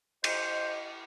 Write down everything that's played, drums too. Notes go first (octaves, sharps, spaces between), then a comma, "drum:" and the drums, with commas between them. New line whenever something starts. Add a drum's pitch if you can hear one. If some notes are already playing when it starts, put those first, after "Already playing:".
C5 D#5, drum: cymbal